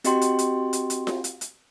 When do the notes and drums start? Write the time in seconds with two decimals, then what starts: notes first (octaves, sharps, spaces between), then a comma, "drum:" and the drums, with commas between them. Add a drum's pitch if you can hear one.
0.04 C4 F#4 G4 D#5 G5 C6, drum: hi-hat
0.21 drum: hi-hat
0.39 drum: hi-hat
0.73 drum: hi-hat
0.90 drum: hi-hat
1.07 drum: snare F4
1.24 drum: hi-hat
1.41 drum: hi-hat